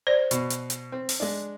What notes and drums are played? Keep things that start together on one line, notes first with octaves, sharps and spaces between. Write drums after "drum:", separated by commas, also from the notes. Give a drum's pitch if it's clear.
C5 D5
B2, drum: hi-hat
drum: hi-hat
drum: hi-hat
C4
drum: open hi-hat
G#3 D4